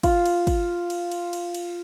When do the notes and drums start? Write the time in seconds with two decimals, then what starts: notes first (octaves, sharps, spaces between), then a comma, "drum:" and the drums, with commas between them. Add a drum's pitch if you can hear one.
0.03 F4, drum: kick, cymbal
0.26 drum: cymbal
0.47 drum: kick, cymbal
0.90 drum: cymbal
1.11 drum: cymbal
1.33 drum: cymbal
1.54 drum: cymbal